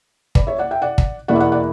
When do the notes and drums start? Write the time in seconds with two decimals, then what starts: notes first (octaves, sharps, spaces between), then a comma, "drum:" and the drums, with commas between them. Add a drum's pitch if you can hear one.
0.35 B4 D5, drum: kick
0.47 C#5 E5
0.58 D5 F#5
0.71 E5 G5
0.82 D5 F#5
0.98 drum: kick
1.28 E2 B2 A#3 E4 D5 F#5
1.36 E5
1.40 D5 F#5
1.52 D5 F#5